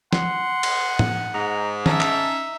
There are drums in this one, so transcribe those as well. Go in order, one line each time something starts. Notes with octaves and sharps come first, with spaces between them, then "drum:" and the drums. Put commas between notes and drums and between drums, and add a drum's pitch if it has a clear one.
F#5 C6, drum: snare
drum: cymbal
drum: tom A2
G#2 A#5
C#4 D#4 E5 A5, drum: tom D#3
drum: clap